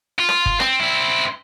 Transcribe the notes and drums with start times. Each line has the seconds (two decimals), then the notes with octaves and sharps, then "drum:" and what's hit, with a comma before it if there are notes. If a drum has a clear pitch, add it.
0.19 F4
0.29 drum: rim click
0.46 drum: kick G1
0.60 C4, drum: rim click
0.80 C4 E4